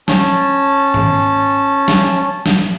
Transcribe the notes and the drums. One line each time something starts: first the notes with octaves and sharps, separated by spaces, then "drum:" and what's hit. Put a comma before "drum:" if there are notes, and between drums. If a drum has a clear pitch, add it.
C#4 A5, drum: snare
drum: tom G#2
drum: snare
drum: snare